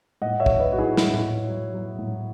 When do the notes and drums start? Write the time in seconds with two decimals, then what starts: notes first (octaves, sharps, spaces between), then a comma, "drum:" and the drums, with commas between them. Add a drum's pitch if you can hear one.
0.21 A2 D#5 F#5
0.40 C#5 E5
0.46 F#3, drum: kick
0.60 B4 D#5
0.72 F#3 F#4
0.78 E4 G#4
0.97 A2 E4, drum: snare
1.14 drum: tom A2
1.23 A2
1.49 F#3
1.74 F#3
1.99 A2